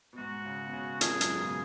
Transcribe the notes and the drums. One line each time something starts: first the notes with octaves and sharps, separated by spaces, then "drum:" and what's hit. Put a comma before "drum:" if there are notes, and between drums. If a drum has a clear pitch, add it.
B2
G#2 F#4
C#3
B2
C#3
D#3 G#4, drum: hi-hat
F#2, drum: hi-hat
G#2
B2
C#3